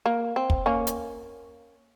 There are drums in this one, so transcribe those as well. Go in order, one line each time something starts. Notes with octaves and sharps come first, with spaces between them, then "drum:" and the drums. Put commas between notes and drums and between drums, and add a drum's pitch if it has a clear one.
A#3
C4
drum: kick
A#3 C#4
drum: hi-hat